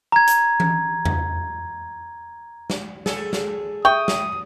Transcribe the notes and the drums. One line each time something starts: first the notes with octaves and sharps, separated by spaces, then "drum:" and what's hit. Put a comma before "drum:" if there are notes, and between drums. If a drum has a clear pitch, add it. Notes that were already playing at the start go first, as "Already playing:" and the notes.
A#5 G#6
drum: hi-hat
drum: tom E3
drum: tom E2
drum: snare
G#4 A4, drum: snare
drum: snare
E5 G5 C#6 D#6
drum: snare